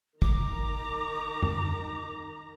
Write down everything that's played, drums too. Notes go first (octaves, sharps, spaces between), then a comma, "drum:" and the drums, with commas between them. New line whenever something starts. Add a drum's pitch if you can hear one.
D#3 A#5 D6, drum: kick
drum: tom F2